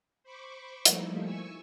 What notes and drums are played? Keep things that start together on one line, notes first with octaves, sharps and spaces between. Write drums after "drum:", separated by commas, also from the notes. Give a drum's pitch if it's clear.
C5 B5 C#6 D6
F3 G3 A3 A#3 D#4 E4, drum: hi-hat
G#5 C#6 E6